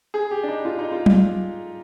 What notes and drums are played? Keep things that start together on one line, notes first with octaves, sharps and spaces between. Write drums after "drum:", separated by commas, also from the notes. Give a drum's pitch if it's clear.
G#4
G4
D4
D#4
F4
D#4
F4
drum: tom F#3